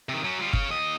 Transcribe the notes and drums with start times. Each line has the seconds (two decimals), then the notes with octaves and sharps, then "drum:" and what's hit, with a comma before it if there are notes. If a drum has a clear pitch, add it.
0.09 C3 D#3
0.24 F#3 C#4
0.40 G3 F4
0.53 C#5 F5, drum: kick G1
0.70 D#2 D#5